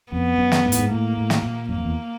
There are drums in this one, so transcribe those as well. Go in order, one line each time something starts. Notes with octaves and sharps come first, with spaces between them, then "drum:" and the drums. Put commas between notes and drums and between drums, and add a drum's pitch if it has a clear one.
F2 B3
F#2
drum: snare
G#2
A2, drum: hi-hat
G#2
A2 A#3
A2
drum: snare
A#2
F#2 A#3
F2
E2